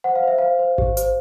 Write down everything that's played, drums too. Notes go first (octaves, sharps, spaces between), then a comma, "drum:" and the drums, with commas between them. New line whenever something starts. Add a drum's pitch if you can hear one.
C5 F#5
F5
C5 E5
C5 F5
C5
G4, drum: kick G#1
C5, drum: hi-hat